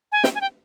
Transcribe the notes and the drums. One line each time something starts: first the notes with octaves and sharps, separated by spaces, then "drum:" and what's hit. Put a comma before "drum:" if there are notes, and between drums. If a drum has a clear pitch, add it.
G#5
G5, drum: snare
G#5
G5